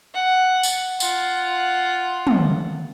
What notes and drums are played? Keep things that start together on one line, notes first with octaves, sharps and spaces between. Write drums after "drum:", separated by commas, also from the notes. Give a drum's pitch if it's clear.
F#5
drum: tambourine
F4 F#5, drum: tambourine
drum: tom